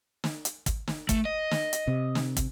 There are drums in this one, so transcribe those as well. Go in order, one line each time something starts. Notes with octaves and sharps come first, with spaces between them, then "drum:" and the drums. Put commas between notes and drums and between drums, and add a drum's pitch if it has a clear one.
drum: snare
drum: hi-hat
drum: kick, hi-hat
drum: snare
A3, drum: kick, hi-hat
D#5
drum: snare
drum: hi-hat
C3
drum: snare
drum: kick, hi-hat